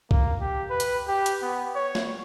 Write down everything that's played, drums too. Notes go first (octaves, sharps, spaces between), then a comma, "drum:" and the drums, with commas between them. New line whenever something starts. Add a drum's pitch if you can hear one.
A#3, drum: kick
G4
B4
drum: hi-hat
G4
drum: hi-hat
B3
C#5
drum: snare